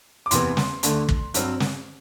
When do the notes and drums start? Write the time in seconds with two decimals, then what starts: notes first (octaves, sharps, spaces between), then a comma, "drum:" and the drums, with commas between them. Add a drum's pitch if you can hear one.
0.26 D6
0.31 F#1 E2 C3 E3 B3 C6, drum: hi-hat
0.57 drum: snare
0.83 D2 D3 A3, drum: hi-hat
1.09 drum: kick
1.34 G2 F#3 C4, drum: hi-hat
1.60 drum: snare